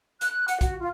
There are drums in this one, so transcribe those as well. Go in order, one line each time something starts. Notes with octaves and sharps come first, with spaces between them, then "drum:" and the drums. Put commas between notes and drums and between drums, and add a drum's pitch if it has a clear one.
F#6, drum: hi-hat
F#5, drum: hi-hat
F#4, drum: kick A#1, hi-hat
F4